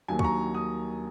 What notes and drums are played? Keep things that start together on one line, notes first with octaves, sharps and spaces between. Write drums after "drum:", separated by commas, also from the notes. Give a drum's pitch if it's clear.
D#2 D#3 F#3 G#5
C#6, drum: kick
A#5
D#6